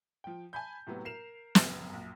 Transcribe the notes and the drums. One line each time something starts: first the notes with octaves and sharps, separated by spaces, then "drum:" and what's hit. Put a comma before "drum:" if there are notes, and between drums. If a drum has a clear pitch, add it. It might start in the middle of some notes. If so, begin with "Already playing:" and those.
F3 G5
G#5 A5 B5 G6
A2 C3 F#3 B3
A#4 C7 E7 F7
A#1 F#2 C#3, drum: snare
A#1 F#2